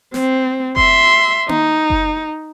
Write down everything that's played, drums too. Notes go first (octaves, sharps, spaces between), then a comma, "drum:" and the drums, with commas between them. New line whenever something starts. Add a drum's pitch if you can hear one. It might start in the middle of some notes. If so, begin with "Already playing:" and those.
C4, drum: snare
E5 C6, drum: kick F#1
D#4, drum: tom A#3
drum: kick F#1